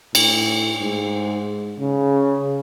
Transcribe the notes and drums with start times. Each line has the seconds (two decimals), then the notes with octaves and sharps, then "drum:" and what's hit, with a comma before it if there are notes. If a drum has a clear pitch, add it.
0.15 A2, drum: cymbal
0.81 G#2
1.80 C#3